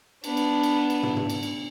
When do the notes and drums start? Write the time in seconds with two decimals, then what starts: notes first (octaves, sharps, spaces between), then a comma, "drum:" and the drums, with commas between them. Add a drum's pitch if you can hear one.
0.24 B3 D4, drum: cymbal
0.37 drum: cymbal
0.63 drum: cymbal
0.90 drum: cymbal
1.03 drum: tom
1.16 drum: tom
1.30 drum: cymbal
1.43 drum: cymbal